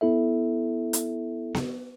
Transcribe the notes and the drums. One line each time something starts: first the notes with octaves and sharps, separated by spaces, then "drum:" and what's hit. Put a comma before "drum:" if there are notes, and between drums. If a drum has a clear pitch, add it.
B3 E4 A4 E5
drum: hi-hat
drum: snare B3